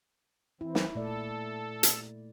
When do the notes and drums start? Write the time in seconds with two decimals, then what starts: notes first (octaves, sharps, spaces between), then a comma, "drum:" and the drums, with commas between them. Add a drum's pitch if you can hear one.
0.61 E3 C4 E4
0.75 drum: snare
0.95 A#2 A3 A4 D5
1.83 drum: hi-hat